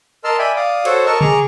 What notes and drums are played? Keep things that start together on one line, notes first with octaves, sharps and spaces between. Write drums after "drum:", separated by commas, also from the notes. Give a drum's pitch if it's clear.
A#4 D#5 A5 C6 E6 F6
D5 E5 G5 G#5 B5
D5 F5 D6 D#6
F#4 A4 C5 C#5, drum: cymbal
A#4 D#5 A5 C#6 E6
G#4 A#5 C#6 D6, drum: tom C3